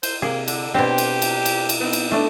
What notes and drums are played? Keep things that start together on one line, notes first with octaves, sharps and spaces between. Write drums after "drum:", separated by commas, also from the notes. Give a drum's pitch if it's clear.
C5, drum: cymbal
C3 A#3 G#4
D3, drum: cymbal
B2 C4 D4 G4 C5
drum: cymbal
drum: cymbal
drum: cymbal
drum: cymbal
B3 C4 D#4
drum: cymbal
A3 D4